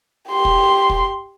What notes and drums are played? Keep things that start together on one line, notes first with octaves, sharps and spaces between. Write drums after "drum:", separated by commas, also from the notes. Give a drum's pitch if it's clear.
G4 C6
drum: kick
drum: kick